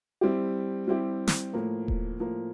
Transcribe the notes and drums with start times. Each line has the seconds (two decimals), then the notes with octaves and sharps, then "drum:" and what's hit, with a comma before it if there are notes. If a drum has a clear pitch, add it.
0.21 G3 C4 E4 G4
0.88 G3 C4 E4 G4
1.27 drum: snare
1.53 A2 F3 A#3
1.88 drum: kick D#1
2.19 A2 F3 A#3